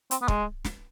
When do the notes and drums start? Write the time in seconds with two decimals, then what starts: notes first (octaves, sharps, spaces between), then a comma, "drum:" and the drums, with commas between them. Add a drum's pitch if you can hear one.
0.11 C4, drum: hi-hat
0.22 B3
0.28 G#3, drum: kick
0.65 drum: snare